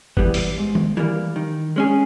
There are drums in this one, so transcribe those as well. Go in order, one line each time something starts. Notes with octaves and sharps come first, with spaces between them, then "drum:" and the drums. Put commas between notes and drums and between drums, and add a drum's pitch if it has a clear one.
E3 G3 B3, drum: kick
drum: open hi-hat
G#2
drum: tom D#3
E3 G3 A#3
D#3
G#3 C#4 G#4